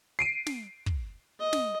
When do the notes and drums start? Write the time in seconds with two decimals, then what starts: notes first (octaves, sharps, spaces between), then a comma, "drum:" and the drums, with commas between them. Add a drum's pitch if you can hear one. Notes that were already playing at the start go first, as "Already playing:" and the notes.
0.19 C7 D7 D#7
0.46 drum: snare
0.86 drum: kick
1.39 D#5
1.53 drum: snare